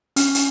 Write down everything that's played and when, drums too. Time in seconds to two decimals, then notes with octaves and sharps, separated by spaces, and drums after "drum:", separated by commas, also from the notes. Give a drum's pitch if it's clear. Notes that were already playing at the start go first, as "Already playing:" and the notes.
0.16 C#4, drum: hi-hat
0.35 drum: hi-hat